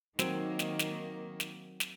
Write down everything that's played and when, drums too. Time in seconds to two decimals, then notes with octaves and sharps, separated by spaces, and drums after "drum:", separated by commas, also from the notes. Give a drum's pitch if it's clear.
0.19 D#3 F#3 A#3 C4, drum: snare
0.59 drum: snare
0.79 drum: snare
1.40 drum: snare
1.80 drum: snare